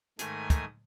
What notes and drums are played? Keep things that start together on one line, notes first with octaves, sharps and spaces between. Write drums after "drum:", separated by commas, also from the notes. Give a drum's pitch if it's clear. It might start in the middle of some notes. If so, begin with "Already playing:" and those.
G#2 D#3 A3 G#5 D#6, drum: hi-hat
drum: kick, hi-hat